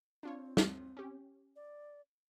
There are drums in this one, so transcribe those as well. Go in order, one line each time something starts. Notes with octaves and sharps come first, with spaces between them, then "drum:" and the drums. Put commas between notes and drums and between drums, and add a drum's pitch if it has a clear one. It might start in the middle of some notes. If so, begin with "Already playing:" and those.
C4 D4 F4 C#5
drum: snare
C#4 G4
D5